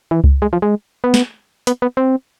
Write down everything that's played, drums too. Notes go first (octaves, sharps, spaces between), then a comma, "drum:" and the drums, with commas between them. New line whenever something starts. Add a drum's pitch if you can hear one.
E3
drum: kick C#2
G#3
F3
G#3
B3
drum: snare
B3, drum: hi-hat
B3
C4